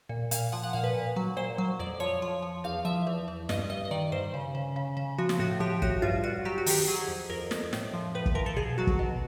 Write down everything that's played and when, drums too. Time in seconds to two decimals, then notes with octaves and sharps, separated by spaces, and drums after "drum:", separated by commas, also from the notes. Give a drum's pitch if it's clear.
0.09 A#2
0.31 A#2 F5, drum: hi-hat
0.52 F3 F#5
0.64 F#5
0.73 A#2 F5
0.84 B4
0.94 A#2
1.16 F#3
1.37 A#2 C5
1.58 F#3
1.79 F2 D5
2.00 F3 C#5
2.22 F3
2.42 F3
2.64 E2 F5
2.85 F3 E5
3.07 E2
3.28 E2
3.49 G2 D#5, drum: snare
3.70 G2 D#5
3.85 D#5
3.91 D#3 D5
4.12 G2 C5
4.34 C#3
4.55 C#3
4.76 C#3
4.97 C#3
5.18 F3 F#4
5.29 drum: snare
5.39 A2 F#4
5.60 F3 G4
5.82 A2 F#4, drum: kick
6.02 G2 F4
6.24 G2 F#4
6.45 F#3 G4
6.58 F#4
6.66 D#3 G4, drum: open hi-hat
6.87 F#3 G#4
7.08 F2
7.29 F2 A#4
7.51 F2, drum: snare
7.73 A2, drum: snare
7.94 F3
8.15 A2 B4
8.26 drum: kick
8.35 F3 A#4
8.46 A4
8.56 B2 G#4
8.78 F#3 F#4
8.87 drum: kick
8.99 B2